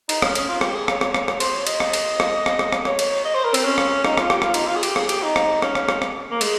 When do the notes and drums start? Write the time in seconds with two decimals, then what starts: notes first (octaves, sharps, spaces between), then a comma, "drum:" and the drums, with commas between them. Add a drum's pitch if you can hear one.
0.09 D#4, drum: cymbal
0.22 C#4, drum: rim click
0.35 C#4, drum: cymbal
0.49 F4
0.61 G4, drum: rim click
0.75 G#4
0.88 C#5, drum: rim click
1.01 drum: rim click
1.14 drum: rim click
1.28 C#5, drum: rim click
1.40 C5, drum: cymbal
1.54 C#5
1.67 D#5, drum: cymbal
1.80 drum: rim click
1.93 drum: cymbal
2.20 drum: rim click
2.46 drum: rim click
2.59 drum: rim click
2.72 drum: rim click
2.85 C#5, drum: rim click
2.99 drum: cymbal
3.25 D#5
3.34 C5
3.45 A#4
3.54 C4, drum: cymbal
3.65 C#4
3.78 drum: rim click
4.04 D#4, drum: rim click
4.17 F4, drum: rim click
4.30 G4, drum: rim click
4.42 F4, drum: rim click
4.54 D#4, drum: cymbal
4.66 F4
4.76 G#4
4.83 G4, drum: cymbal
4.96 G#4, drum: rim click
5.09 G4, drum: cymbal
5.23 D#4
5.36 drum: rim click
5.62 C#4, drum: rim click
5.75 drum: rim click
5.89 drum: rim click
6.02 drum: rim click
6.31 A#3
6.41 G#3, drum: cymbal